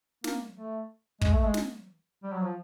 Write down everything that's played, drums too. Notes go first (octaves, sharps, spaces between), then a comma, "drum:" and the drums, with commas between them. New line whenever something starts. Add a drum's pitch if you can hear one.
A#3, drum: snare
A3
G#3, drum: kick
A3
G#3
drum: snare
G3
F#3
F3